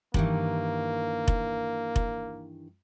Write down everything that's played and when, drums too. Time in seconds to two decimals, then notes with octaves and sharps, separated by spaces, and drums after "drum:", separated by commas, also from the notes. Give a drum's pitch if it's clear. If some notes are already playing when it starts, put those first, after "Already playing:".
0.14 G2 D#3 E3 A#3, drum: kick F1
1.28 drum: kick F1
1.96 drum: kick F1